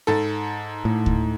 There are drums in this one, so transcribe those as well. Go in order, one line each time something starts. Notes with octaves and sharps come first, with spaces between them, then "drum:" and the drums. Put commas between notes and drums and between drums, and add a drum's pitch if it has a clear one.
G#2 A4
A2
drum: kick D2